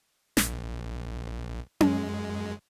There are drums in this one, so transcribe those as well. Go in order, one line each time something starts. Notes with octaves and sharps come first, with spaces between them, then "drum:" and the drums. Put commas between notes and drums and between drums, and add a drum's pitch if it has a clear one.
A#1, drum: snare
F#2 G#3, drum: tom C#4